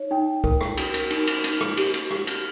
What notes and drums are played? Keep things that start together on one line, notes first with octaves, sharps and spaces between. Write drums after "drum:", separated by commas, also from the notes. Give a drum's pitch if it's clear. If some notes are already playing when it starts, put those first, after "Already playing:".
Already playing: D#4 C#5
D#4 G5
A#4, drum: kick C#2
drum: rim click
A#4, drum: cymbal
drum: cymbal
D#4, drum: cymbal
drum: cymbal
D#4, drum: cymbal
drum: rim click
G4, drum: cymbal
drum: cymbal
G4, drum: rim click
drum: cymbal